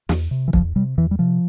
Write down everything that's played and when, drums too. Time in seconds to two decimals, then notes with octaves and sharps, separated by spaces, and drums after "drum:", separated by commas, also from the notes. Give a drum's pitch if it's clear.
0.09 E2, drum: snare
0.31 C3
0.48 E3
0.53 E2 F3, drum: kick
0.76 C3 G3
0.97 E2 E3
1.11 G3
1.19 C3 F3